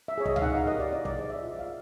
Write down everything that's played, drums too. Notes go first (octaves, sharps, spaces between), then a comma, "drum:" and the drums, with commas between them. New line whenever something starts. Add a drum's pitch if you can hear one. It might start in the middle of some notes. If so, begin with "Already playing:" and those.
E5
G#4 C#5
D#5, drum: kick
F5, drum: tom C#2
D#4 F#5
F5
G4 A#4 D#5
D5
E4 D5
D5, drum: kick
G#4 C5 D#5
E5
F4 E5
F5